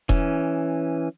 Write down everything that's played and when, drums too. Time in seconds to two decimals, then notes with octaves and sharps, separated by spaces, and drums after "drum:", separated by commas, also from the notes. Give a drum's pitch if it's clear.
0.09 E3 C#4, drum: kick E1